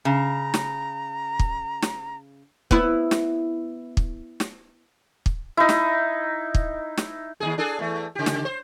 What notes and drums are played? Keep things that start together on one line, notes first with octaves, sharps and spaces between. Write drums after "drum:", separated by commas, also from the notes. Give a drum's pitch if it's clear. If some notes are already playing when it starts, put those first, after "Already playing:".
C#3 A#5
drum: snare
drum: kick
drum: snare
B3 E4, drum: kick
drum: snare
drum: kick
drum: snare
drum: kick
D#4 E4
drum: snare
drum: kick
drum: snare
D#2 B2 G#4
D4 G#4 A4
E2 A3
C#3 G4
drum: snare
C5